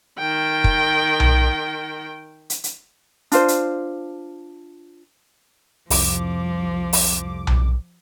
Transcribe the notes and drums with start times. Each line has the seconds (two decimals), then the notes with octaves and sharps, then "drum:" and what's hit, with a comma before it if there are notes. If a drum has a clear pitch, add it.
0.19 D#3 G5
0.64 drum: kick
1.20 drum: tom B1
2.50 drum: hi-hat
2.64 drum: hi-hat
3.32 D4 F4 C5, drum: hi-hat
3.48 drum: hi-hat
5.90 C2 F2 F3 D6, drum: open hi-hat
6.93 drum: open hi-hat
7.47 drum: tom B1